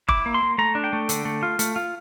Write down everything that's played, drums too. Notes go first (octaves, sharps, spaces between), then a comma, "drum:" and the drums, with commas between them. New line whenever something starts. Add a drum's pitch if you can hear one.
E4 D6, drum: kick
A#3
C6
A#3
A3 A#5
D4
G5
A3
D3, drum: hi-hat
A3
F4
A3, drum: hi-hat
F4